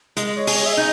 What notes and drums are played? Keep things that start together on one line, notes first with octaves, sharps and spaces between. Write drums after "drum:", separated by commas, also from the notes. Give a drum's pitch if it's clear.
G#3 D#5, drum: hi-hat
C#5
G#4, drum: open hi-hat
D#5
E5
D#4 D#5